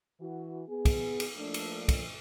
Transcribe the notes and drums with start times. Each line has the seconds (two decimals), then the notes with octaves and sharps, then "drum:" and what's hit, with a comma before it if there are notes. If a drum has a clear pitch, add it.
0.20 E3 F#4
0.68 B3 G#4
0.85 drum: kick, cymbal
1.20 drum: cymbal
1.37 F3 A3 A#3 D4
1.54 drum: cymbal
1.88 drum: kick, cymbal